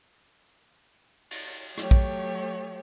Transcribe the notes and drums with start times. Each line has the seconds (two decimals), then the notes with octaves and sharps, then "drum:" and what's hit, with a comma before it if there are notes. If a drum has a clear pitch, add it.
1.31 drum: cymbal
1.78 F#3 A3 G4 C#5, drum: rim click
1.91 drum: kick